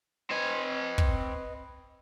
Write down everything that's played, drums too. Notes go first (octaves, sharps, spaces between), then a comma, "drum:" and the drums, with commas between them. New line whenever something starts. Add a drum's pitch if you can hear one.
C4 B4 D#5 G#5
drum: kick